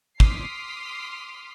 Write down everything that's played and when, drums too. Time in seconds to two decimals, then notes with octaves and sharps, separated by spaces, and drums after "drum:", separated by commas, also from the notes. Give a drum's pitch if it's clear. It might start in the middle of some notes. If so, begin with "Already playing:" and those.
0.20 C6 D6 D#6 F6 B6 C7, drum: kick